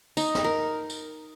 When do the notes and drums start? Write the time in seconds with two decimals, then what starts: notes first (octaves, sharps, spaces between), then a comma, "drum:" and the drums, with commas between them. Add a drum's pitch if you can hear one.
0.17 D#4, drum: tambourine
0.35 drum: snare
0.44 A#4
0.90 drum: tambourine